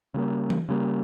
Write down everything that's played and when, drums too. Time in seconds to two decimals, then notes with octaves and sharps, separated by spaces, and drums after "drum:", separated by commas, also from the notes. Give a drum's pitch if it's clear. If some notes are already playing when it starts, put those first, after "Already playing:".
0.14 C#3 G3 A#3
0.50 drum: tom E3
0.69 C#3 G3 A#3